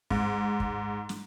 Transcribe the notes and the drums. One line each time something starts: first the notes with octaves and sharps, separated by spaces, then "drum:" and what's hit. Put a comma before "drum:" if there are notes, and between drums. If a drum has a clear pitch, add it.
G#2, drum: kick
drum: kick
drum: snare